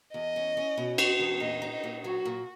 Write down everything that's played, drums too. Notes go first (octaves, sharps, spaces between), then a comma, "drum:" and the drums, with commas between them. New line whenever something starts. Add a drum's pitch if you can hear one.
E2 D#5
C#4
C#4
B2
B2, drum: cymbal
E2
A#2 D#5
D#4
D#5
A#2
F#3 F#4
A#2